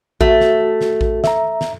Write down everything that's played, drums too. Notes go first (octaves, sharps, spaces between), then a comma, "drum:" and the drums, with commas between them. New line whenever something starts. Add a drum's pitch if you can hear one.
A3 F#4, drum: kick A1
drum: snare
drum: snare
drum: kick A1
E5 A#5, drum: snare
drum: snare